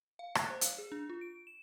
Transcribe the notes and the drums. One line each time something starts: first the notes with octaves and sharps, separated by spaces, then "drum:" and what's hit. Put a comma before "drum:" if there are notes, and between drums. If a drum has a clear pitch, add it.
F5
F#6, drum: rim click
C5
F5, drum: hi-hat
G#4
D4
F4
D7
E7